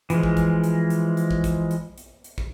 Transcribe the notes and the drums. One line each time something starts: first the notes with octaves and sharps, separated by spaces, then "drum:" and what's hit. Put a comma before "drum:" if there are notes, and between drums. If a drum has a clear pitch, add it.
E3 F3 G#3, drum: hi-hat
drum: kick
drum: kick, hi-hat
drum: hi-hat
drum: hi-hat
drum: hi-hat
drum: kick
drum: kick, hi-hat
drum: hi-hat
drum: hi-hat
drum: hi-hat
drum: kick